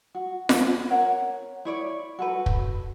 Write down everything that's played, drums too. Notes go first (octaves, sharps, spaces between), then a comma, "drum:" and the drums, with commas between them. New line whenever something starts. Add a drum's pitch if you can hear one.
F#4
drum: snare F4
A#4 C#5 F#5
E4 C#5 D5
F#4 A4 B4
drum: kick